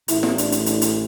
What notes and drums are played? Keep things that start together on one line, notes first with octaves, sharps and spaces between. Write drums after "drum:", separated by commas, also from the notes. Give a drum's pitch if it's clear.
A1 A2 E3 E4, drum: hi-hat
drum: snare
D4, drum: hi-hat
drum: hi-hat
D4, drum: hi-hat
drum: hi-hat